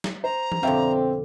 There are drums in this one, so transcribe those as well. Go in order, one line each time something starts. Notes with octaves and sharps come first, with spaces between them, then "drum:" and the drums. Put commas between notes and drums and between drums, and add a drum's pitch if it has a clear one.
drum: snare
C5 A#5
drum: tom E3
F2 B2 D3 C4 E5 F5 G5